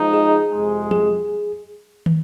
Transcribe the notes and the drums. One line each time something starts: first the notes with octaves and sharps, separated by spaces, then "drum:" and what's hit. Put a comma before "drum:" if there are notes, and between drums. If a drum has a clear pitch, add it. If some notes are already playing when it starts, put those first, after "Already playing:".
Already playing: F3 G#3 D#4
G#4
F2 C3 G#3
G#4, drum: tom F3
drum: tom